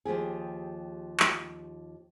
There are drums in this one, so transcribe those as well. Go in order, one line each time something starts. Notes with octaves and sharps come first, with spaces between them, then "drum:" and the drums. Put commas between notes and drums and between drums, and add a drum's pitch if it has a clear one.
D#2 F3 G4 G#4
drum: clap